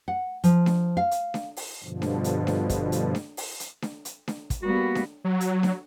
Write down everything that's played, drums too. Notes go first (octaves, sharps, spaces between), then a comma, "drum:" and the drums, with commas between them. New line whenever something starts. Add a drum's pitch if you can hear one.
F#5
F3, drum: hi-hat
drum: snare D4
F5
drum: hi-hat
drum: snare D4
drum: open hi-hat
G2 B2 D3 F3
drum: snare D4
drum: hi-hat
drum: snare D4
drum: kick, hi-hat
drum: hi-hat
drum: snare D4
drum: open hi-hat
drum: hi-hat
drum: snare D4
drum: hi-hat
drum: snare D4
drum: kick, hi-hat
G3 A#3 B3 F#4
drum: snare D4
F#3
drum: hi-hat
drum: snare D4